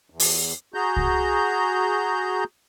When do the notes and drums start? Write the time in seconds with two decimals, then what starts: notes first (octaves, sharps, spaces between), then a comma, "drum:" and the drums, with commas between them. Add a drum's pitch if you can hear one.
0.10 E2
0.20 drum: open hi-hat
0.74 F#4 G#4 A#5 G6
0.97 drum: kick C2